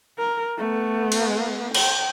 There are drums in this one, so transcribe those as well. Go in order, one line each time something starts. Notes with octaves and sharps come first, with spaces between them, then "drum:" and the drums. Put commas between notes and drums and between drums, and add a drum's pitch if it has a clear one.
A#4
A3 B3
drum: cymbal
G5, drum: cymbal